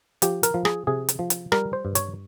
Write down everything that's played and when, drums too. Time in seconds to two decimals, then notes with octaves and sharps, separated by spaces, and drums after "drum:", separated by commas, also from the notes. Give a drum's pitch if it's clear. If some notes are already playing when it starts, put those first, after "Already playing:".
0.22 F3 G4, drum: hi-hat
0.43 A#4, drum: hi-hat
0.54 F3
0.65 G#4, drum: rim click
0.87 C3 G#4
1.09 drum: hi-hat
1.19 F3
1.30 drum: hi-hat
1.52 G3 A#4, drum: rim click
1.73 C5
1.85 G2
1.95 C#5, drum: hi-hat